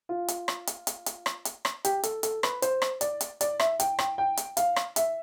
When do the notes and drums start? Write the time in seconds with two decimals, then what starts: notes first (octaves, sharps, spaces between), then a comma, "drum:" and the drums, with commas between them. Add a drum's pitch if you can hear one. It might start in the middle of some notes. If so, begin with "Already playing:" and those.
0.09 F4
0.28 drum: hi-hat
0.48 drum: rim click
0.67 drum: hi-hat
0.87 drum: hi-hat
1.06 drum: hi-hat
1.26 drum: rim click
1.45 drum: hi-hat
1.65 drum: rim click
1.85 G4, drum: hi-hat
2.03 A4, drum: hi-hat
2.23 A4, drum: hi-hat
2.43 B4, drum: rim click
2.62 C5, drum: hi-hat
2.82 drum: rim click
3.01 D5, drum: hi-hat
3.21 drum: hi-hat
3.41 D5, drum: hi-hat
3.60 E5, drum: rim click
3.80 G5, drum: hi-hat
3.99 G5, drum: rim click
4.18 G5
4.37 drum: hi-hat
4.57 F5, drum: hi-hat
4.76 drum: rim click
4.96 E5, drum: hi-hat